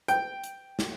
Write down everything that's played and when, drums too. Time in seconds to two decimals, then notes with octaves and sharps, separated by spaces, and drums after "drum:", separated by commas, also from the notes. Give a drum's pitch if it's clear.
0.08 G5, drum: hi-hat
0.44 drum: hi-hat
0.79 drum: snare